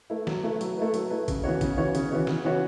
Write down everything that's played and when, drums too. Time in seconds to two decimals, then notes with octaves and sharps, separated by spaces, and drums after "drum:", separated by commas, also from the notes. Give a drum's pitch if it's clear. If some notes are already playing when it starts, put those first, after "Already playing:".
0.10 A3 E4 B4
0.27 F#3, drum: snare
0.44 A3 E4 B4
0.61 F#3, drum: hi-hat
0.77 A3 E4 B4
0.94 F#3, drum: hi-hat
1.10 A3 E4 B4
1.28 C#3, drum: kick, hi-hat
1.44 E3 B3 F#4 C#5
1.61 C#3, drum: kick, hi-hat
1.77 E3 B3 F#4 C#5
1.95 C#3, drum: hi-hat
2.11 E3 B3 F#4 C#5
2.27 C#3, drum: snare
2.44 E3 B3 F#4 C#5